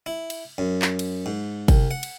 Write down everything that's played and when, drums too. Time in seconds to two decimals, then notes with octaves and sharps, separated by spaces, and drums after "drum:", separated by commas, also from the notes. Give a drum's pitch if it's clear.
0.06 E4
0.30 drum: cymbal
0.58 F#2
0.82 drum: clap
0.99 drum: cymbal
1.26 G#2
1.68 C2, drum: kick, cymbal
1.91 F#5
2.03 drum: cymbal